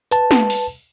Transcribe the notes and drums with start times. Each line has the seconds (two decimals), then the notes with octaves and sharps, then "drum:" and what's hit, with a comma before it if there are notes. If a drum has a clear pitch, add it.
0.11 B4 A5, drum: hi-hat
0.31 drum: snare
0.50 drum: open hi-hat